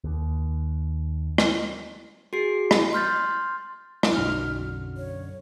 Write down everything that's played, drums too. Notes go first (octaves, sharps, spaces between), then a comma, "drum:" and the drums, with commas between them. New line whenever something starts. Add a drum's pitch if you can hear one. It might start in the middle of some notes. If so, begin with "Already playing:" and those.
D#2
drum: rim click
F#4 G#4 C7
drum: rim click
C6 F6 G6 A6
drum: rim click
B1 F#2 D3 F#4 F6
C#5